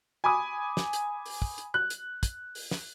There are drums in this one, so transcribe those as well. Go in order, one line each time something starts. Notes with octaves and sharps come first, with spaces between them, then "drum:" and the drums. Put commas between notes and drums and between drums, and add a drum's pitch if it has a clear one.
G#5 B5 D6 D#6
drum: snare
drum: hi-hat
drum: open hi-hat
drum: kick
drum: hi-hat
F#6
drum: hi-hat
drum: kick, hi-hat
drum: open hi-hat
drum: snare